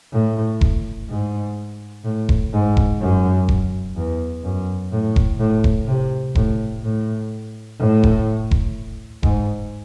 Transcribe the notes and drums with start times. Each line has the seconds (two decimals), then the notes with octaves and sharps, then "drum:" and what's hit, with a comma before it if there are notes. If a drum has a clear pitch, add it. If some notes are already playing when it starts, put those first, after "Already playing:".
0.13 A2
0.61 drum: kick E1
1.09 G#2
2.04 A2
2.29 drum: kick E1
2.53 G#2
2.77 drum: kick E1
3.00 F#2
3.49 drum: kick E1
3.96 E2
4.44 F#2
4.92 A2
5.16 drum: kick E1
5.39 A2
5.64 drum: kick E1
5.88 C3
6.35 A2, drum: kick E1
6.84 A2
7.79 A2
8.03 drum: kick E1
8.51 drum: kick E1
9.23 G#2, drum: kick E1